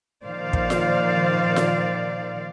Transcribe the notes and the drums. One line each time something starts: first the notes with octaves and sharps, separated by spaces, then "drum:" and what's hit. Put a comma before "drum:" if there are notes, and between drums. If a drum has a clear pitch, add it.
A#2 D#3 F3 C5 D5 F5
drum: kick
drum: snare F4
drum: snare F4